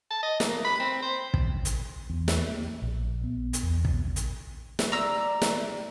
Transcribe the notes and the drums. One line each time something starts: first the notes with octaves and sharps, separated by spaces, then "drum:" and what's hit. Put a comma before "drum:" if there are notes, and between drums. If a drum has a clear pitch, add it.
A5
D#5
A#3, drum: snare
B5
C4
C5
drum: kick
drum: hi-hat
E2
drum: snare
A#3
A#1
B3
drum: hi-hat
E2
drum: kick
drum: hi-hat
drum: snare
D5 A#5 E6
drum: snare